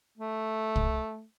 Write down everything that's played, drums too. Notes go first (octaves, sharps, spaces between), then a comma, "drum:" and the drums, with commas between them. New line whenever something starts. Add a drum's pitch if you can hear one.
A3
drum: kick